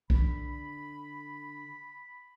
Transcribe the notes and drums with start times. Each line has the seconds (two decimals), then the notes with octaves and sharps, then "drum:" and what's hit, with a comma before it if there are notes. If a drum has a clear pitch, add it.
0.10 D3 B5, drum: kick B1